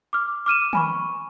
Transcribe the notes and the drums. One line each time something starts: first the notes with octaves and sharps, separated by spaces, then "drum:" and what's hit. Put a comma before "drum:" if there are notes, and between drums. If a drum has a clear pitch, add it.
D6 F6
D6 F6 D#7 E7
G#5 B5 C#6, drum: tom D#3